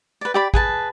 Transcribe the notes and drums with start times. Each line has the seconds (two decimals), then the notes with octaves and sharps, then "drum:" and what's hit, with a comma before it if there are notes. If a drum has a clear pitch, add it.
0.21 B4 D5
0.34 G4 D5 B5
0.54 G#4 B4 A5, drum: kick A1